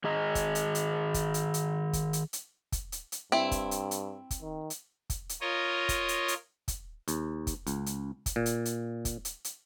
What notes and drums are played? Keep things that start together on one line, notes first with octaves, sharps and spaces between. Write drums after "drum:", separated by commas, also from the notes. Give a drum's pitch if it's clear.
D#3 G#4 D#5 A#5
drum: kick, hi-hat
drum: hi-hat
drum: hi-hat
drum: kick, hi-hat
drum: hi-hat
drum: hi-hat
drum: kick, hi-hat
drum: hi-hat
drum: hi-hat
drum: kick, hi-hat
drum: hi-hat
drum: hi-hat
G2 C4 E4
drum: kick, hi-hat
drum: hi-hat
drum: hi-hat
drum: kick, hi-hat
D#3
drum: hi-hat
drum: kick, hi-hat
drum: hi-hat
F4 A#4 C#5 D#5
drum: kick, hi-hat
drum: hi-hat
drum: hi-hat
drum: kick, hi-hat
D#2, drum: hi-hat
drum: kick, hi-hat
C#2, drum: hi-hat
drum: hi-hat
drum: kick, hi-hat
A#2
drum: hi-hat
drum: hi-hat
drum: kick, hi-hat
drum: hi-hat
drum: hi-hat